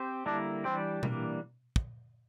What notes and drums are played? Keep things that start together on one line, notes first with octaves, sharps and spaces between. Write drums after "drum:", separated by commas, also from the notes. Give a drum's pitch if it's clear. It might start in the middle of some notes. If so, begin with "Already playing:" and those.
Already playing: C4 G4 C5
D3 G3 A#3 D4 E4 A#4
E3 G3 C4 D4 G4 D5
E3 G3 A#3 D4, drum: tom B2
drum: kick